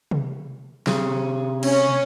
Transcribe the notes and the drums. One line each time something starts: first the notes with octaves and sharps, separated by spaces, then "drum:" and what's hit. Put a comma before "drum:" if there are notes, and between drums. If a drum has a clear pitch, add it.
drum: tom C3
C3 G#4, drum: snare
C#4, drum: cymbal